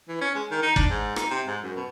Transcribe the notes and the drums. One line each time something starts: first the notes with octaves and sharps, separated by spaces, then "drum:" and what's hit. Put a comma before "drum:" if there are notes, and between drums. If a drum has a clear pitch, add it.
E3
C#4
G#3
D#3
D#4
D4, drum: kick
G#2
D#4, drum: rim click
C3
G#2
F#2
B2